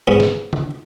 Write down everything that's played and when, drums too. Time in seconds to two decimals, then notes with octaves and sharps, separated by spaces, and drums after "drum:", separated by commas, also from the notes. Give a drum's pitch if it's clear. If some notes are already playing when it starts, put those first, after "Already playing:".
0.08 G#2 B3 C#4
0.20 drum: snare
0.53 drum: tom